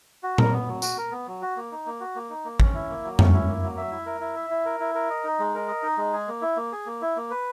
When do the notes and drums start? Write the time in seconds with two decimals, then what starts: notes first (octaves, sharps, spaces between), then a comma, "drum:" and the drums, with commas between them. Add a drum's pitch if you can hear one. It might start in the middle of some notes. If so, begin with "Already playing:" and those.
0.23 F#4
0.38 A#4, drum: tom A#2
0.53 B3
0.68 F#3
0.82 F#4, drum: tambourine
0.98 A#4
1.12 B3
1.27 F#3
1.42 F#4
1.57 A#3
1.72 D#4
1.86 A#3
2.01 F#4
2.15 A#3
2.30 D#4
2.45 A#3
2.60 C#4, drum: kick
2.74 E4
2.89 A#3
3.04 F#3
3.19 C#4, drum: tom F2
3.33 E4
3.48 A#3
3.63 F#3
3.77 E5
3.91 E4
4.06 A#4
4.21 E4
4.36 E5
4.50 E4
4.65 A#4
4.80 E4
4.95 A#4
5.10 D#5
5.24 D#4
5.39 G#3
5.55 A#4
5.68 D#5
5.83 D#4
5.98 G#3
6.13 G#4
6.28 A#3
6.42 E4
6.57 A#3
6.72 G#4
6.86 A#3
7.02 E4
7.16 A#3
7.31 B4